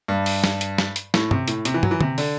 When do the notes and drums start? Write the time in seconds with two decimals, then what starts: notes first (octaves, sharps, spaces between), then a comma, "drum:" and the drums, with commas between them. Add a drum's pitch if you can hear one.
0.08 G2
0.26 drum: open hi-hat
0.44 drum: snare
0.61 drum: hi-hat
0.78 drum: snare
0.96 drum: hi-hat
1.14 A2, drum: snare
1.31 C3, drum: tom
1.48 A2, drum: hi-hat
1.65 C3, drum: hi-hat
1.74 E3
1.83 F#3, drum: tom
1.91 E3
2.01 C3, drum: tom
2.18 D3, drum: open hi-hat